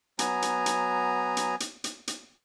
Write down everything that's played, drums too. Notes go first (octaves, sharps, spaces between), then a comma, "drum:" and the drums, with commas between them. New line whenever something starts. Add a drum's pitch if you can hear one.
F#3 B3 G#5 A#5, drum: hi-hat
drum: hi-hat
drum: hi-hat
drum: hi-hat
drum: hi-hat
drum: hi-hat
drum: hi-hat